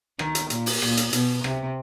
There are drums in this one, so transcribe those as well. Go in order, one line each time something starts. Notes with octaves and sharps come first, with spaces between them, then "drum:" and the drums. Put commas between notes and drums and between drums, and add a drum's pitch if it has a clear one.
D#3, drum: rim click
drum: hi-hat
A#2, drum: hi-hat
drum: open hi-hat
A#2, drum: rim click
drum: hi-hat
B2, drum: hi-hat
C3, drum: rim click